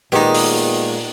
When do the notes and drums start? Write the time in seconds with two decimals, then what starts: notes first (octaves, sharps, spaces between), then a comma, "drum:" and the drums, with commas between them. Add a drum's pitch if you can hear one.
0.12 A#2 D#3 G#3 B3 D#4 G4
0.34 drum: open hi-hat